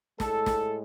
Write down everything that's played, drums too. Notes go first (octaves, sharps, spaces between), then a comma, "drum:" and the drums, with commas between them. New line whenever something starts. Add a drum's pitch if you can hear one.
A2 G#3 A4, drum: snare
drum: snare